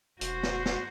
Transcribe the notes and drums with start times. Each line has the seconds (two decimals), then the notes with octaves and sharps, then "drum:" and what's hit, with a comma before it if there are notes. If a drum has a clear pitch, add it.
0.21 E1 F#4 C5, drum: hi-hat
0.43 drum: snare
0.66 drum: snare